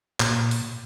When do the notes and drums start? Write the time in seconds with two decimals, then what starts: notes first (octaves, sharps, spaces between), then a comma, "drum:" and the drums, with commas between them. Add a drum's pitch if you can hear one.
0.20 A#2, drum: clap
0.51 drum: open hi-hat